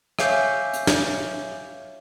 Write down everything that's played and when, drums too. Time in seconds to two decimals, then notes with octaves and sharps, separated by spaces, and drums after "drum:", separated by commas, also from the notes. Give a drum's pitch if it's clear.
0.19 C#5 E5 F5 G#5 D6 G6, drum: rim click
0.73 drum: hi-hat
0.87 drum: snare